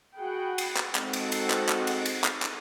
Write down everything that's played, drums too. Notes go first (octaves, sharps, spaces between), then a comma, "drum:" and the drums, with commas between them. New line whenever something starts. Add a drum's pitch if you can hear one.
F#4 G#4 F#5 G5 B5
drum: cymbal
drum: clap
G#3 C4 D#4 F#4 A4 F#5, drum: clap
drum: cymbal
drum: cymbal
drum: clap
drum: clap
drum: cymbal
drum: cymbal
drum: clap
drum: clap